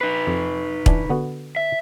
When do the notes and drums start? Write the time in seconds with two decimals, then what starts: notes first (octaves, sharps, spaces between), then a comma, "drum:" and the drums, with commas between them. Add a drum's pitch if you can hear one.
0.01 D#4 B4
0.27 F2
0.86 E3 D4 G#5, drum: kick
1.10 D3 B3 F#4
1.56 E5